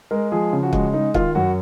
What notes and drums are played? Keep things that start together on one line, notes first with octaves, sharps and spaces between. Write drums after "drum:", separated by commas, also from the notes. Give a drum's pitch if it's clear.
G#3 A#4
F3 G#4
C#3
F#4
G#3, drum: kick
G#3 D#4
D#3 F4, drum: kick
F#2 F#4